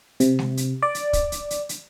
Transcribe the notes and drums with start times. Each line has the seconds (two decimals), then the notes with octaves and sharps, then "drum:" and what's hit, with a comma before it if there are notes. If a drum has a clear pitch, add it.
0.20 C3, drum: hi-hat
0.39 drum: snare G#3
0.57 drum: hi-hat
0.83 D5
0.95 drum: hi-hat
1.13 drum: kick, hi-hat
1.32 drum: hi-hat
1.50 drum: hi-hat
1.69 drum: hi-hat